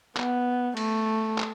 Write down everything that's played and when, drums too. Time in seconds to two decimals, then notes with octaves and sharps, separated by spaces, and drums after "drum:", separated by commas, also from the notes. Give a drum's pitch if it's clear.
0.17 B3, drum: clap
0.77 A3, drum: cymbal
1.38 drum: clap